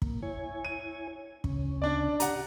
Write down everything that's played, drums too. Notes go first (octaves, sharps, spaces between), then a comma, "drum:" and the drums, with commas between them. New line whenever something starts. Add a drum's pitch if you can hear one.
A#3, drum: kick
E4 C#5 G#5
D#7
D2 C#3 C#4, drum: kick
D4 D5
G4 F#5 A#5, drum: hi-hat